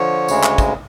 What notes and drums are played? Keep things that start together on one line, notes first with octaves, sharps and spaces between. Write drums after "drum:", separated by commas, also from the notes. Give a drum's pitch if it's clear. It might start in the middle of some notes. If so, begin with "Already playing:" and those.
Already playing: D3 F3 C#5
D2 C#3 G#3, drum: tambourine
drum: clap
drum: kick, tambourine